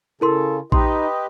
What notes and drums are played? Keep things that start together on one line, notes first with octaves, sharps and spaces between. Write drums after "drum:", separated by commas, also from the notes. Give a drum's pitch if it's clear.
C#3 E4 A4 A#4 C6
D#4 G4 B4 D#5 C6, drum: kick A#1